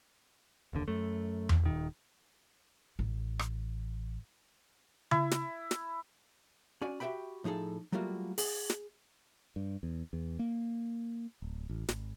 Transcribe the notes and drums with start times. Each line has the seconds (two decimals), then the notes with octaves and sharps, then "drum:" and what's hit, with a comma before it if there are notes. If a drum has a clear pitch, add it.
0.73 F1 D#2 D3
0.88 F#2 A3
1.49 drum: tom E2
1.63 D#1 D#3
2.99 A1
3.39 drum: rim click
5.11 E4, drum: tom C#3
5.31 drum: snare
5.71 drum: snare
6.81 C#4 F#4 D5 G#5
7.00 F#4 G4 A4 E5 G5 B5
7.44 A2 F3 D#4 G#4 A4
7.92 F#3 G3 A3 A#3 F4 F#4
8.38 G#4, drum: open hi-hat
8.70 drum: snare
9.56 G2
9.83 E2
10.13 E2
10.39 A#3
11.42 D1
11.69 A1
11.89 G#1, drum: snare